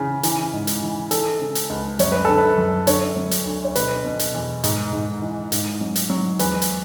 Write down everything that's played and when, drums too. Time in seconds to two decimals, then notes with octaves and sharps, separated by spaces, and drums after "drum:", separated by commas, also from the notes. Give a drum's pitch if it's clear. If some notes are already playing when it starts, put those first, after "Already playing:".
Already playing: C#3 E3
0.23 E3, drum: hi-hat
0.53 G#2
0.67 drum: hi-hat
0.82 E3
1.11 E3 A4, drum: hi-hat
1.41 C#3
1.55 drum: hi-hat
1.70 C#2
1.99 F#2 C#5, drum: hi-hat
2.12 B4
2.25 D3 A4
2.38 B4
2.58 F#2
2.87 D3 C#5, drum: hi-hat
3.17 F#3
3.31 drum: hi-hat
3.46 D2
3.65 C#5
3.75 B2 B4, drum: hi-hat
4.05 B2
4.19 drum: hi-hat
4.34 E2
4.64 G#2, drum: hi-hat
4.93 G#2
5.22 E3
5.52 G#2, drum: hi-hat
5.81 F#3
5.96 drum: hi-hat
6.10 F#3
6.39 E2 B4, drum: hi-hat
6.62 drum: hi-hat